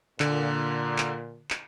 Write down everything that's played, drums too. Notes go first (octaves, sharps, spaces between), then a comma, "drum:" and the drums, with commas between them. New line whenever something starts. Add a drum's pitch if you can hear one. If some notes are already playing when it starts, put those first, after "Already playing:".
A#2 D3, drum: clap
drum: clap
drum: clap